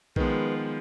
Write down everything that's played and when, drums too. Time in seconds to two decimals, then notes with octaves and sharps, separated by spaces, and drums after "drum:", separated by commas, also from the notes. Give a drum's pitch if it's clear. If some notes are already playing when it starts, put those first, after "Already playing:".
0.16 D#3 F3 G#3 B3 B4, drum: kick A#1